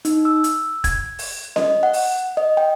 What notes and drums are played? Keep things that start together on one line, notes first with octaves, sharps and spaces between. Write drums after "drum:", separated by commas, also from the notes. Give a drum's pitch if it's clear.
D#4, drum: hi-hat
E6
drum: hi-hat
G#6, drum: kick E1, hi-hat
drum: open hi-hat
D#5, drum: snare C#4
F#5
drum: open hi-hat
D#5
G5